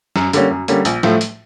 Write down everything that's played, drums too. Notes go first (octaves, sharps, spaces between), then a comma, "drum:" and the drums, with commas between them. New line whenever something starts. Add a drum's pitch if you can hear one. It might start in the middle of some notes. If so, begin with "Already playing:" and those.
F#2, drum: snare
D3 G3 A#3 C#4, drum: hi-hat
F#2
D3 G3 A#3 C#4, drum: hi-hat
A#1, drum: hi-hat
A2 F3 A3, drum: snare
drum: hi-hat